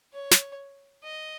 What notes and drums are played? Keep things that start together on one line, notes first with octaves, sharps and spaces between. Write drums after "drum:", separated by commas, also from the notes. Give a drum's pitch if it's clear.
C#5
drum: snare
D#5